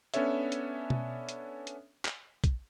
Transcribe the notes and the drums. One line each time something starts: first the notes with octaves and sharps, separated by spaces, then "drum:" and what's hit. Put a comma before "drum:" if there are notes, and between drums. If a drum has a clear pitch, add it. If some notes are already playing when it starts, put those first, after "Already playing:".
B3 C#4 D4 A4 C#5 E5, drum: hi-hat
drum: hi-hat
drum: tom B2
drum: hi-hat
drum: hi-hat
drum: clap
drum: kick, hi-hat